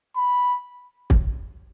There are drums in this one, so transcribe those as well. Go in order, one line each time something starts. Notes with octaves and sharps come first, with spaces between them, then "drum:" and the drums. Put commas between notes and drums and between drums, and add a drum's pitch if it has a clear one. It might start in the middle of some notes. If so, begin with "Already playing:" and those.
B5
drum: kick